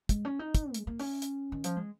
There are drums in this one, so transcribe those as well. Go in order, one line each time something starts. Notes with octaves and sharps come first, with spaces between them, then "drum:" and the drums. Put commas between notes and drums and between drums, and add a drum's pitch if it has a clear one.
G#3, drum: kick, hi-hat
C#4
D#4
drum: kick, hi-hat
G#3, drum: hi-hat
A#3
C#4, drum: open hi-hat
drum: hi-hat
D#3
F3, drum: hi-hat
G#3